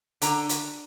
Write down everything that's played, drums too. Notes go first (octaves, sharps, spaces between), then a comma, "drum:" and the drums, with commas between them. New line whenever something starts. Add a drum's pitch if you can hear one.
D3 A#5, drum: hi-hat
drum: hi-hat